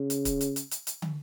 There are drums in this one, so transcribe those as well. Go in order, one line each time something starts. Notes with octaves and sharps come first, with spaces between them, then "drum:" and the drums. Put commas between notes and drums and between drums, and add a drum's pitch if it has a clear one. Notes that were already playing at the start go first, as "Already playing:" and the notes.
Already playing: C#3
drum: hi-hat
drum: kick C#1, hi-hat
drum: hi-hat
drum: hi-hat
drum: hi-hat
drum: hi-hat
drum: tom